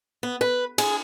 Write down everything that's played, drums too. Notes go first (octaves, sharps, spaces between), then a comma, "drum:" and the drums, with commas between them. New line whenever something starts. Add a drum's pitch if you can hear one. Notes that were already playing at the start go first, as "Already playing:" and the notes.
B3
B4
G#4, drum: cymbal